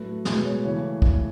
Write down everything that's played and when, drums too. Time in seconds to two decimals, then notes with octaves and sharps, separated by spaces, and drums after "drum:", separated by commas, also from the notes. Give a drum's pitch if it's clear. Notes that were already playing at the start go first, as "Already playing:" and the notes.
Already playing: A2 F#3 A3 B4
0.25 B2 G#3 B3 B4, drum: snare
0.44 C#5
0.63 C#3 E3 A3 C#5
1.02 drum: kick